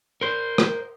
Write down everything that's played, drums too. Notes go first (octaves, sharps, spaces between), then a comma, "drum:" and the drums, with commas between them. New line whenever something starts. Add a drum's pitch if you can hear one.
A#4 C5
drum: rim click